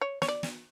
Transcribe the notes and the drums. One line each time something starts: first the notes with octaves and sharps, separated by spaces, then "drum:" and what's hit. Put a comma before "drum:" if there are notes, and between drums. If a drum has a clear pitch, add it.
C#5
C#5, drum: snare
D5
drum: snare